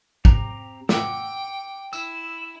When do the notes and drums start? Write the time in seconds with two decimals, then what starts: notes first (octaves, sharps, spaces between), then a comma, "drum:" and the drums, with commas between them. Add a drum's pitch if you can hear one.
0.25 C4 G4 A#5, drum: kick
0.89 F#5 G5 D6 E6, drum: snare
1.93 E4 E6 E7, drum: tambourine